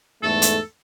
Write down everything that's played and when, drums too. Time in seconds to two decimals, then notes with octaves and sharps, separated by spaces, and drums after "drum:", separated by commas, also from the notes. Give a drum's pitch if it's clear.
0.23 E2 G#2 A3 A4
0.42 drum: hi-hat